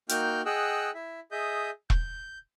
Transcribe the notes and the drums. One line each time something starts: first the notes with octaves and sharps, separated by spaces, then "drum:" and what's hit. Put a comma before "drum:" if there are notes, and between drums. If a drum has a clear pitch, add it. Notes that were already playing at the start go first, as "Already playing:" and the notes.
A#3 D#4 F#4 G5 F6 G6, drum: hi-hat
G#4 D#5 F#5 G5 E6 F#6
E4 E5
G#4 D#5 E5 D#6 G6
G6, drum: kick E1